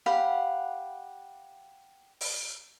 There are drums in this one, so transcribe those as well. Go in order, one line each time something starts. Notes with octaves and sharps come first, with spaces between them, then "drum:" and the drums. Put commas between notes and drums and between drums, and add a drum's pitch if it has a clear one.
G4 F5 F#5 B5
drum: open hi-hat